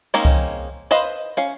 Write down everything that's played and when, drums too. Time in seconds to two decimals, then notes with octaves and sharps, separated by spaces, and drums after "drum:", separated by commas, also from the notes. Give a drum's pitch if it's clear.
0.14 G#3 A#3 C4 C#4 D#4
0.25 drum: kick C2
0.91 B4 C5 D#5 F5
1.37 C#4 F5